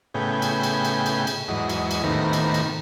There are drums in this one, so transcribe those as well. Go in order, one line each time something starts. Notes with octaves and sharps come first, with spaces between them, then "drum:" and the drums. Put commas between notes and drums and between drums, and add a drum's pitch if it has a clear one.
A2 C#3 B3 G#4 G5
drum: cymbal
drum: cymbal
drum: cymbal
drum: cymbal
drum: cymbal
E2 G#2 F#3 D#5
drum: cymbal
drum: cymbal
D#2 A2 C3 D#3 B3 A#5
drum: cymbal
drum: cymbal